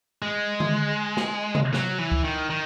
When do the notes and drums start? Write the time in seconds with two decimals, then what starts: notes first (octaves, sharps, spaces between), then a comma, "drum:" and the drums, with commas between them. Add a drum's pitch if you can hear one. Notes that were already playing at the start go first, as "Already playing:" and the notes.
0.22 G#3
0.60 drum: tom D3
1.17 drum: snare
1.55 drum: tom C3
1.74 F#3, drum: snare
1.99 E3
2.12 drum: kick C#2
2.24 D#3
2.50 D#3